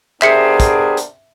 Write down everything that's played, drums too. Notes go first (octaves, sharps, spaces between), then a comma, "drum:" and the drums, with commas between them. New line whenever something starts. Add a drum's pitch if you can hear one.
B3 D4 G4 G#4 A#4 C5 E5 C#7, drum: clap
drum: kick, hi-hat
drum: hi-hat